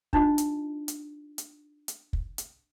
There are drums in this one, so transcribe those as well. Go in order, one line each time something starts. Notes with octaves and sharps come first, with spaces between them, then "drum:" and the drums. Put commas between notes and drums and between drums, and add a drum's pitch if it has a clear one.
D4 D#4 F4 D#5, drum: kick
drum: hi-hat
drum: hi-hat
drum: hi-hat
drum: hi-hat
drum: kick
drum: hi-hat